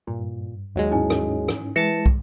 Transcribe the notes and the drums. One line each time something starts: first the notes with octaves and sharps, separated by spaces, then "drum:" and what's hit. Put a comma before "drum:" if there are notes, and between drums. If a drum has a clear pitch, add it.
G2 A#2
D#2 F#3 G#3
G#2 C#4 D#4 E4 G#5
drum: rim click
drum: rim click
E3 G#3 A5 A#6 C#7 E7
drum: kick